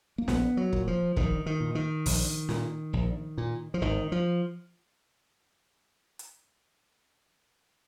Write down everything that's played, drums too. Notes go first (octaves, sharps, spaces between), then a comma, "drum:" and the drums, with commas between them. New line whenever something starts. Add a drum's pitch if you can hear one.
A#3
A#1 B3, drum: snare
F#3
A#2, drum: kick
F3
A#1 D#3, drum: kick
D#3
A#2
D#3
A#1, drum: open hi-hat
A#2, drum: snare
A#1
A#2
F3
G#1 D#3
F3
drum: hi-hat